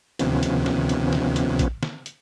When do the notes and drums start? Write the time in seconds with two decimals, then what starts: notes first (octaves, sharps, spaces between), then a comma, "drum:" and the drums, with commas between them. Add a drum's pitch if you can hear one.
0.19 D2 C3 D#3 F3 B3 C#4, drum: hi-hat
0.43 drum: hi-hat
0.66 drum: snare
0.89 drum: hi-hat
1.13 drum: snare
1.36 drum: hi-hat
1.59 drum: kick, hi-hat
1.83 drum: snare
2.06 drum: hi-hat